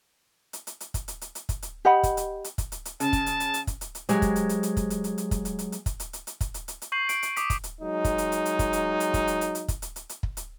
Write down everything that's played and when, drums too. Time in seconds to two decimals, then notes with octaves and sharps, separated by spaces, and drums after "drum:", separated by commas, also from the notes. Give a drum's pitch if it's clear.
0.53 drum: hi-hat
0.67 drum: hi-hat
0.80 drum: hi-hat
0.94 drum: kick, hi-hat
1.08 drum: hi-hat
1.21 drum: hi-hat
1.35 drum: hi-hat
1.49 drum: kick, hi-hat
1.62 drum: hi-hat
1.85 G4 D#5 F#5 B5
2.03 drum: kick, hi-hat
2.17 drum: hi-hat
2.44 drum: hi-hat
2.58 drum: kick, hi-hat
2.72 drum: hi-hat
2.85 drum: hi-hat
3.00 C#3 A5, drum: hi-hat
3.13 drum: kick, hi-hat
3.26 drum: hi-hat
3.40 drum: hi-hat
3.54 drum: hi-hat
3.67 drum: kick, hi-hat
3.81 drum: hi-hat
3.95 drum: hi-hat
4.09 F#3 G#3 G4 C5 G#5, drum: hi-hat
4.22 drum: kick, hi-hat
4.36 drum: hi-hat
4.49 drum: hi-hat
4.63 drum: hi-hat
4.77 drum: kick, hi-hat
4.90 drum: hi-hat
5.04 drum: hi-hat
5.18 drum: hi-hat
5.31 drum: kick, hi-hat
5.45 drum: hi-hat
5.59 drum: hi-hat
5.72 drum: hi-hat
5.86 drum: kick, hi-hat
6.00 drum: hi-hat
6.13 drum: hi-hat
6.27 drum: hi-hat
6.41 drum: kick, hi-hat
6.54 drum: hi-hat
6.68 drum: hi-hat
6.82 drum: hi-hat
6.92 C#6 G6 C7 F#7
7.09 D7, drum: hi-hat
7.23 drum: hi-hat
7.36 D6 D#6 B6, drum: hi-hat
7.50 drum: kick, hi-hat
7.64 drum: hi-hat
7.81 F#3 G#3 D#4
8.05 drum: kick, hi-hat
8.18 drum: hi-hat
8.32 drum: hi-hat
8.45 drum: hi-hat
8.59 drum: kick, hi-hat
8.73 drum: hi-hat
9.00 drum: hi-hat
9.14 drum: kick, hi-hat
9.27 drum: hi-hat
9.41 drum: hi-hat
9.55 drum: hi-hat
9.68 drum: kick, hi-hat
9.82 drum: hi-hat
9.96 drum: hi-hat
10.09 drum: hi-hat
10.23 drum: kick
10.37 drum: hi-hat